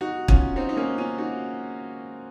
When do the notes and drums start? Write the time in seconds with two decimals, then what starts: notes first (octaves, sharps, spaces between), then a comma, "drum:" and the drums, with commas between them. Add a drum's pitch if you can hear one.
0.01 D#4 F#4
0.28 C#4 F4, drum: kick
0.56 C4 D#4
0.69 D#4
0.77 A#3 C#4
0.97 C#4 F4
1.18 D#4 F#4